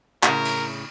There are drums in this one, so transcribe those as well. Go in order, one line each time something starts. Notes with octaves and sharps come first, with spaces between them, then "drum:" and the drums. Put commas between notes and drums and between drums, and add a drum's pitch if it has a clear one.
A2 C#3 A#4, drum: clap
drum: cymbal